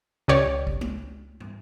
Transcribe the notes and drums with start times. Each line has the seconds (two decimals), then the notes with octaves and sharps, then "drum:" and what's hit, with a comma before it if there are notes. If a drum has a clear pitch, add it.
0.28 C#2 G4 C#5 D5
0.67 drum: kick
0.81 drum: tom G#3
1.40 drum: tom